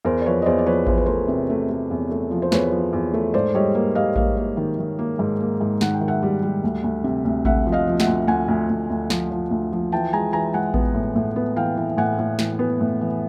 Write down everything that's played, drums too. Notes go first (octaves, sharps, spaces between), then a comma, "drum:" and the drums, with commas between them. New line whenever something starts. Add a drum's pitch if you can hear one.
E2 A#4 C5
D5
F3 B4 C#5
D#5
E2 C5 D5
D5
F3 B4 C#5
E2 C5, drum: kick A1
B4
A3 A#4 C5
C3
A3
A3
E2
A3
F3
C5
E2 B4 C#5, drum: snare
F3
E2
A3
G#2 C5 D5
G3 C#5 D#5
A#3
G3 D#5 F5
A#3 D#5 F5, drum: kick A1
A#3
D#3
D#3
A#3
G#2
A#3
G#2
D#3 F#5, drum: snare
G5
D#3
E5 F#5
G3
G3
D2
D2
C3
D2
D2 E5 F#5, drum: kick A1
F3
D#5 F5
F3
E5 F#5, drum: snare
D2
D2 F#5 G#5
D2
D2
D2
F3, drum: snare
F3
D2
F3
E3 G5 A5
G#3 G#5 A#5
E3 G#5 A#5
G#3 F#5 G#5
B3, drum: kick A1
A2
A2
B3
E3 F5 G5
E3
A2 F#5 G#5
A2
E3, drum: snare
B3
A2
E3